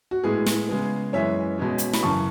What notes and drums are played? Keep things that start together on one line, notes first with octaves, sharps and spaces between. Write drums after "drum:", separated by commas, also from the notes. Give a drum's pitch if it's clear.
F#4
A2 G#3 B3 G#4
drum: snare
C#3 G#3 B3
F#2 E3 G#3 B3 C#5 E5
B2 G#3 C#4
drum: hi-hat
B5, drum: snare
F#2 C#3 E3 A5 C#6